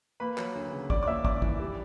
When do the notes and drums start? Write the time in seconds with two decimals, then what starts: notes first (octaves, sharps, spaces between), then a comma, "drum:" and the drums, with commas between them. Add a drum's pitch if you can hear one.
0.20 A#3 B4 B5
0.38 F#3, drum: clap
0.55 D2
0.72 C#3
0.90 C#4 D5 D6, drum: kick
1.03 D6
1.07 A#3 E5 E6
1.25 F#2 D5 D6, drum: kick
1.42 E3, drum: kick
1.60 G3